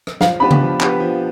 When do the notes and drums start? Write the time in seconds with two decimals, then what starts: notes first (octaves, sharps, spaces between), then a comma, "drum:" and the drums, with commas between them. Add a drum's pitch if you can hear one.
0.07 drum: rim click
0.21 F3 F5, drum: snare
0.40 B3 D4 G4 B4 B5
0.51 drum: tom C#3
0.60 F3
0.80 B3 D4 G4 B4, drum: clap
1.00 F3